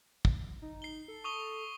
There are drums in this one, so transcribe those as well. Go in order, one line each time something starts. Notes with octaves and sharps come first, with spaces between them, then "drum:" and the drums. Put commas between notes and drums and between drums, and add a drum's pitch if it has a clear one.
drum: kick
D#4
C7 G7
A4
C#6 D#6 G7